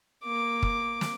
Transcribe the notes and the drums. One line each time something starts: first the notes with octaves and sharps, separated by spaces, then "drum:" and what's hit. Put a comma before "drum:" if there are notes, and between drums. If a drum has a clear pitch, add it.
A#3 D6
drum: kick
drum: snare